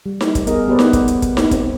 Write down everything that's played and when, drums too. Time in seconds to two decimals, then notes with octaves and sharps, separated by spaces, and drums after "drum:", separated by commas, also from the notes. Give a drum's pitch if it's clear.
0.06 G3
0.21 drum: snare D#4
0.35 drum: kick, hi-hat
0.47 B3 G#4 A#4 D#5, drum: hi-hat
0.68 B3 G4 B4 C5 D5
0.79 drum: snare D#4
0.93 drum: kick, hi-hat
1.08 drum: hi-hat
1.22 drum: kick, hi-hat
1.37 drum: snare D#4
1.51 C4, drum: kick, hi-hat